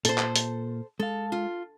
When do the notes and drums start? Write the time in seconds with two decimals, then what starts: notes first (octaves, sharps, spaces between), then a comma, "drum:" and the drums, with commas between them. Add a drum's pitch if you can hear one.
0.05 A#2 A4 C5, drum: hi-hat
0.18 drum: clap
0.36 drum: hi-hat
1.00 G#3 A4 F5
1.32 F4